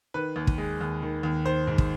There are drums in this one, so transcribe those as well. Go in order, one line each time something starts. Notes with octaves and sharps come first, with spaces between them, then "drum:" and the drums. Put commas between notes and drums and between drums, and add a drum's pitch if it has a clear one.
D#3 B4
D#2
drum: kick
G#3
D#2
D#3
D#2
D#3 C5
G#2
drum: kick